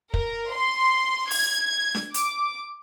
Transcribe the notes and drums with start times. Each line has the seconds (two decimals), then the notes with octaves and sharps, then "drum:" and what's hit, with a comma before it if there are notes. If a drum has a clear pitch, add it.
0.14 A#4, drum: kick
0.52 C6
1.31 G#6, drum: open hi-hat
1.95 drum: snare D4
2.14 D6, drum: hi-hat